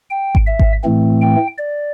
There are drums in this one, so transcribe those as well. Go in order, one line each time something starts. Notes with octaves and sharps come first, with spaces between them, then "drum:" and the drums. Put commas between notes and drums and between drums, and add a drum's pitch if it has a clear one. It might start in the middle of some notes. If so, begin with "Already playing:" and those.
G5
drum: kick G#1
E5
drum: kick G#1
A2 E3 A3 C4
G5
D5